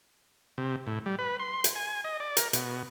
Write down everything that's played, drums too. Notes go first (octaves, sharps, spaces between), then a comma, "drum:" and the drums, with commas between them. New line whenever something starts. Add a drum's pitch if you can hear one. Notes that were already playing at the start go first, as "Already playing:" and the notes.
C3
A2
G3
B4
C6
drum: hi-hat
G#5
D#5
D5
A#4, drum: hi-hat
B2, drum: hi-hat